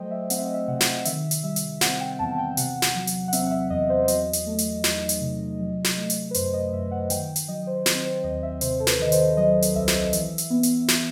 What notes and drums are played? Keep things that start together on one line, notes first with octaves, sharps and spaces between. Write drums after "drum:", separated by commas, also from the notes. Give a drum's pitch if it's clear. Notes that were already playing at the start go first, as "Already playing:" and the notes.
Already playing: F#3 A3 C5 D#5 G5
E5
C4 F#5, drum: hi-hat
E5
D#5
E5
C3 F#5
drum: snare
D#3 E5, drum: hi-hat
drum: hi-hat
G3 E5
drum: hi-hat
C4 F#5, drum: snare
G5
E2 A5
G5
C3 F#5, drum: hi-hat
drum: snare
F#3
drum: hi-hat
F#5
C4 E5, drum: hi-hat
F#5
E5
E2 D#5
C5
C5
F#3 D#5, drum: hi-hat
drum: hi-hat
A3
drum: hi-hat
D#4, drum: snare
drum: hi-hat
C3
F#3
drum: snare
A3
drum: hi-hat
B4
F#2 C5, drum: hi-hat
D#5
F#2 E5
F#5
D#3 G5, drum: hi-hat
drum: hi-hat
F#3 D#5
C5
C4 C5, drum: snare
C5
D#2 D#5
E5
C3 C5, drum: hi-hat
A4
B4, drum: snare
D#3 D#5
C5, drum: hi-hat
F#3 D#5
drum: hi-hat
C2 E5
drum: snare
E3, drum: hi-hat
drum: hi-hat
B3
drum: hi-hat
drum: snare